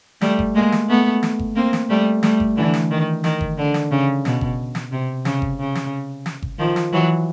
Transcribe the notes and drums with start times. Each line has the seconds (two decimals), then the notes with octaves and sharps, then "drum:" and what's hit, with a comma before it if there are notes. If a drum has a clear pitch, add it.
0.21 G3 A3, drum: snare
0.39 drum: kick G1
0.55 G#3 A#3
0.72 drum: snare
0.88 A3 B3
1.23 drum: snare
1.39 drum: kick G1
1.56 A#3 C4
1.73 drum: snare
1.90 G3 A3
2.23 G3 A3, drum: snare
2.40 drum: kick G1
2.56 D3 E3
2.74 drum: snare
2.91 D#3
3.24 D#3, drum: snare
3.41 drum: kick G1
3.58 D3
3.74 drum: snare
3.91 C#3
4.25 B2, drum: snare
4.41 drum: kick G1
4.75 drum: snare
4.92 C3
5.25 C#3, drum: snare
5.42 drum: kick G1
5.59 C#3
5.75 drum: snare
6.26 drum: snare
6.42 drum: kick G1
6.59 D#3 F3
6.76 drum: snare
6.92 E3 F#3